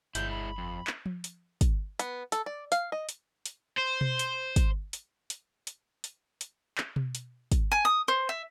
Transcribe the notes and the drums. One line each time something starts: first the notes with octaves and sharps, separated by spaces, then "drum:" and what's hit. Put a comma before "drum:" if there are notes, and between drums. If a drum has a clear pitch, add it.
G1 G#3 E4 G6, drum: hi-hat
B5
F2
drum: clap
drum: tom F3
drum: hi-hat
drum: kick, hi-hat
B3, drum: hi-hat
A4, drum: hi-hat
D5
F5, drum: hi-hat
D#5
drum: hi-hat
drum: hi-hat
C5
drum: tom B2
drum: hi-hat
drum: kick, hi-hat
drum: hi-hat
drum: hi-hat
drum: hi-hat
drum: hi-hat
drum: hi-hat
drum: clap
drum: tom B2
drum: hi-hat
drum: kick, hi-hat
G#5
D#6
C5
E5